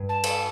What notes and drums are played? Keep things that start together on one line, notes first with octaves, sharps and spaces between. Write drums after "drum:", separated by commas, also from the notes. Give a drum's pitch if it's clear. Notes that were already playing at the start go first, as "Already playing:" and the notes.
Already playing: G2
A5
drum: cymbal